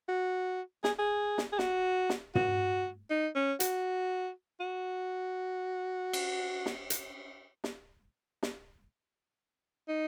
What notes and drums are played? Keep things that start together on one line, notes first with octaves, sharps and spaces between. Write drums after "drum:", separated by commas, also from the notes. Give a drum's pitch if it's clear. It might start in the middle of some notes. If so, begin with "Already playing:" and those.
F#4
G#4, drum: snare
G#4
drum: snare
G#4
F#4, drum: snare
drum: snare
F#4, drum: tom
D#4
C#4
F#4, drum: hi-hat
F#4
drum: cymbal
drum: snare
drum: hi-hat
drum: snare
drum: snare
D#4